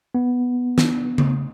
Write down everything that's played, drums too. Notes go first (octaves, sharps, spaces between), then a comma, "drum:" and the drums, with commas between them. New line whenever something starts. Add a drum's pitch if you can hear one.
B3
drum: snare
drum: tom C#3